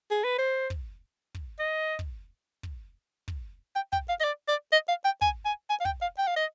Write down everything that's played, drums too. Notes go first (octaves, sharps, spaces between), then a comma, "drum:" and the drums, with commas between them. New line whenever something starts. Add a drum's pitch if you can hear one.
G#4
B4
C5
drum: kick
drum: kick
D#5
drum: kick
drum: kick
drum: kick
G5
G5, drum: kick
F5
D#5
D5
D5
D#5
F5
G5
G#5, drum: kick
G#5
G#5
F5
G5, drum: kick
F5
G5
F5
D#5